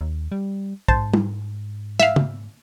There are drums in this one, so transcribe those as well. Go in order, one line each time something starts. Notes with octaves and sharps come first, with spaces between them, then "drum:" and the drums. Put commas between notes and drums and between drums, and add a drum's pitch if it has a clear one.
D#2
G3
G#2 C5 A5, drum: kick
drum: tom
E5 F5, drum: snare
drum: tom